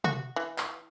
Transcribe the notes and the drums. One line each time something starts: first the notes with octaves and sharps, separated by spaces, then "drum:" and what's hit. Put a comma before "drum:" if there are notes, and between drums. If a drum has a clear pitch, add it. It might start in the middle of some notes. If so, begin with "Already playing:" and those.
F#4, drum: tom
E3
drum: clap